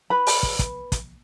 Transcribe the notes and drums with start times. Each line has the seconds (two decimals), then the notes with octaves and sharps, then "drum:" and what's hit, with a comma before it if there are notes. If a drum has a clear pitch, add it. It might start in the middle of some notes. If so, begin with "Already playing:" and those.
0.10 B4 B5
0.27 drum: open hi-hat
0.43 drum: kick
0.59 drum: kick, hi-hat
0.92 drum: kick, hi-hat